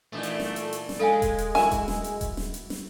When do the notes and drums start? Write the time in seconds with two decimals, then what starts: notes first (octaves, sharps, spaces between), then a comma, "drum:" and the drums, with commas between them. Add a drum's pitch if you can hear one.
0.12 A#2 E3 A3 D#4
0.23 drum: hi-hat
0.40 drum: snare
0.56 drum: hi-hat
0.73 drum: hi-hat
0.89 drum: snare
0.99 G#3 A4 F5 G#5
1.22 drum: kick D#1, hi-hat
1.38 drum: hi-hat
1.55 E4 F#4 A#4 E5 G#5, drum: snare
1.71 drum: kick D#1, hi-hat
1.88 drum: snare
2.04 drum: hi-hat
2.21 drum: kick D#1, hi-hat
2.37 drum: snare
2.54 drum: hi-hat
2.70 drum: snare